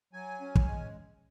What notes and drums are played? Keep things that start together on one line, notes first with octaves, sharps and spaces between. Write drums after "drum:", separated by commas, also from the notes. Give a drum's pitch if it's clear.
F#3 G#5
C#4
drum: kick
G#3